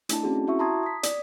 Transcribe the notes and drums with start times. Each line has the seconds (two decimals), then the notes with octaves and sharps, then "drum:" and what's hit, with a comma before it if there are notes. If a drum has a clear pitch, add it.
0.09 A3 D4 E4 A5, drum: hi-hat
0.23 C4 C#4 F#4 G#4
0.47 E4 F#4 E5 C#6
0.59 A5 A#5 C6 D#6 G#6
0.83 D#6 B6
1.03 D5, drum: hi-hat